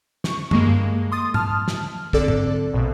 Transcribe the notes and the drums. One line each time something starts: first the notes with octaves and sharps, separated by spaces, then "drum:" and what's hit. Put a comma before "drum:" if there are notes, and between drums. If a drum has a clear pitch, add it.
C#6, drum: snare
G2 G#3 A#3, drum: tom F#2
C6 D#6 A6
A5 F6, drum: tom
drum: snare
D3 C4 A4 D5, drum: kick
drum: tom
A#1 B2